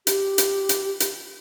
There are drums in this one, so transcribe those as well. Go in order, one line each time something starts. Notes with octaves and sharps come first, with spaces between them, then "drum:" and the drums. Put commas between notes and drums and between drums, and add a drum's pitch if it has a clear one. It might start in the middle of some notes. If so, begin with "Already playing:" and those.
G4, drum: hi-hat
drum: hi-hat
drum: hi-hat
drum: hi-hat